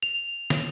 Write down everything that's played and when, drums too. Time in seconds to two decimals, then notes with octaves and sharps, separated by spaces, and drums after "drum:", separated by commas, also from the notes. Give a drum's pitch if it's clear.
0.03 F7
0.50 drum: snare